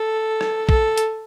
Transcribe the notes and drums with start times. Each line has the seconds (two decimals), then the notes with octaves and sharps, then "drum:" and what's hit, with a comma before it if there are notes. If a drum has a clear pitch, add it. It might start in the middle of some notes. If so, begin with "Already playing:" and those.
Already playing: A4
0.41 drum: rim click
0.69 A4, drum: kick
0.98 drum: hi-hat